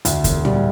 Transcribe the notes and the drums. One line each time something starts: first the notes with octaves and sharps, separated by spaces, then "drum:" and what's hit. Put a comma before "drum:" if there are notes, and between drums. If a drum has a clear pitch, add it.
D2, drum: hi-hat
E1, drum: kick, hi-hat
G3, drum: tom